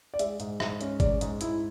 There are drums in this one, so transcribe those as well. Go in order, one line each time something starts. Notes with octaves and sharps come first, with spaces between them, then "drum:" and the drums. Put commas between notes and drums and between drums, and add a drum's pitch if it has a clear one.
D5
G#3 E5, drum: hi-hat
G#2, drum: hi-hat
G#2 E5, drum: rim click
C#4, drum: hi-hat
G#3 D5, drum: kick G#1, hi-hat
G#2, drum: hi-hat
G#2 E4, drum: hi-hat